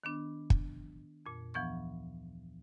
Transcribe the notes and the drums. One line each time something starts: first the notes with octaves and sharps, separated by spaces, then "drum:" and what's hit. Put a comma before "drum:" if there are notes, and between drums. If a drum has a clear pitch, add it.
D#3 B3 D4
drum: kick
F2 A#2
D2 E3 F3 B3 C#6